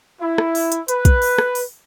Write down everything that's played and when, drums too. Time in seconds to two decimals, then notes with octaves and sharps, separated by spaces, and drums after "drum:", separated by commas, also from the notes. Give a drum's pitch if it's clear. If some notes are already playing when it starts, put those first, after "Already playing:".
0.21 E4
0.38 drum: rim click
0.55 drum: open hi-hat
0.72 drum: hi-hat
0.88 B4, drum: hi-hat
1.05 drum: kick, hi-hat
1.22 drum: open hi-hat
1.38 drum: rim click
1.55 drum: open hi-hat